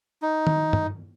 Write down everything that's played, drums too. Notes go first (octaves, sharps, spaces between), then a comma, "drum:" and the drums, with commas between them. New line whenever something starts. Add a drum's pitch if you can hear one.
D#4
drum: tom D#3
drum: tom